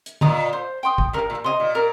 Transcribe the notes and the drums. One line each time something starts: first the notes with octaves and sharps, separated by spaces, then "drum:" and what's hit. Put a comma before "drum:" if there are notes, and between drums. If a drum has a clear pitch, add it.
drum: hi-hat
A#2 D#5 A#5 D#6, drum: tom
C5
G5 C6 D#6
drum: kick
G2 A#4
A#2
C3 D#5 C6
A#2
A#4